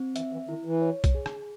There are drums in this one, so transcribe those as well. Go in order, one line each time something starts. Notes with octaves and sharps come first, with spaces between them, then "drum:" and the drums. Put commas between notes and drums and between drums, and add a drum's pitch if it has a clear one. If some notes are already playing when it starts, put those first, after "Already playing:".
Already playing: C4
E3 E5, drum: hi-hat
E3
D#3 E4
E3
C#5
drum: kick C2, hi-hat
G#4
drum: rim click